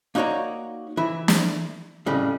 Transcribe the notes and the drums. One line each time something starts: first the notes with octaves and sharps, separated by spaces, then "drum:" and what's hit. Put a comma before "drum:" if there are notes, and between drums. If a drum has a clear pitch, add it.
A#3 D#4 F#4 C#5 D5 A#5
E3 E4
drum: snare
F2 A2 C#3 G3